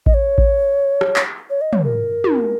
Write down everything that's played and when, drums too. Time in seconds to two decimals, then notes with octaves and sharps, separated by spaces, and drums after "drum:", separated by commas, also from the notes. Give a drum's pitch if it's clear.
0.06 D#5, drum: kick A1
0.14 C#5
0.38 drum: kick A1
1.01 drum: rim click
1.16 drum: clap
1.50 C#5
1.61 D#5
1.73 C#5, drum: tom
1.84 A#4
2.24 drum: tom